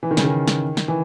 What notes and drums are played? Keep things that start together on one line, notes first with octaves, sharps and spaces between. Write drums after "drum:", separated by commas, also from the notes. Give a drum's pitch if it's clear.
E3
D#3
C#3, drum: snare
D#3
drum: snare
drum: snare
E3